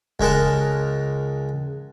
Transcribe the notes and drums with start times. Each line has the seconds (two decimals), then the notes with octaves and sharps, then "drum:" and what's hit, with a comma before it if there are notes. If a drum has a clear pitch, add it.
0.20 C#2 G#3 A#4 F#5 A5, drum: kick D#1